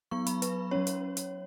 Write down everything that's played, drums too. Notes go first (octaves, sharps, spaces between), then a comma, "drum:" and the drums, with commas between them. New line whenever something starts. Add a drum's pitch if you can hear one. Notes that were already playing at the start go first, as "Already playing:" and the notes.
F#3 B3 C#6
B5, drum: hi-hat
B4, drum: hi-hat
F#3 C#4 C#5
drum: hi-hat
drum: hi-hat